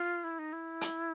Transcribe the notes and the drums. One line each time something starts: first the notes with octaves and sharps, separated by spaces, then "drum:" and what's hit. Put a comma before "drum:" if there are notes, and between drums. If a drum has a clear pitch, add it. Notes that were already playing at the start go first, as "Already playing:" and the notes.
Already playing: F4
E4
D#4
E4
drum: hi-hat